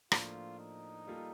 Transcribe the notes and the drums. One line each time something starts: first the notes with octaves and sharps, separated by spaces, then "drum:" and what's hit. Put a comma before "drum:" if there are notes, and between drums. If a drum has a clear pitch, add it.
A2 F3 A#3 D4 F4, drum: rim click
D#4
G3 A#3 F4 A4